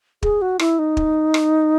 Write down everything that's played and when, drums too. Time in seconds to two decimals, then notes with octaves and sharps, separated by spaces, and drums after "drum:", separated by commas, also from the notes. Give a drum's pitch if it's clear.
0.23 G#4, drum: kick
0.42 F#4
0.59 E4, drum: rim click
0.79 D#4
0.97 drum: kick
1.34 drum: rim click